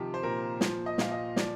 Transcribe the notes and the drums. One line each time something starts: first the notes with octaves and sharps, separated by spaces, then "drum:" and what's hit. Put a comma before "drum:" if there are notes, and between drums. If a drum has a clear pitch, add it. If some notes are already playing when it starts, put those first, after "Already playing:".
Already playing: C3 D#3 F3 G4
C5
A#2 A#4
F3 C5, drum: snare
D#5
A#2 F5, drum: snare
D#5
F3 D5, drum: snare